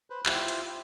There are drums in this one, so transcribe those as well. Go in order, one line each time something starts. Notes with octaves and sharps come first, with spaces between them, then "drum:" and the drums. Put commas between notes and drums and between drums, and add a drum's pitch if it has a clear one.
B4 C5
E4 F4 G4 C5 E5 F5, drum: clap
drum: hi-hat